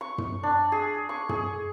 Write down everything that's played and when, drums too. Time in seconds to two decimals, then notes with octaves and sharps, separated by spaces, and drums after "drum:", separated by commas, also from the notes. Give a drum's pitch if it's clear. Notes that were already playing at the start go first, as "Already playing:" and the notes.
0.01 C#6
0.18 drum: tom
0.43 D4
0.72 G#4
1.09 C#6
1.29 G#4, drum: tom